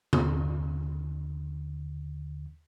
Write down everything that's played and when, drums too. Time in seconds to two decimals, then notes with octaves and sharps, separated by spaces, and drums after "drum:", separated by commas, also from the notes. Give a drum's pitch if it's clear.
0.13 D#2 D3, drum: tom C3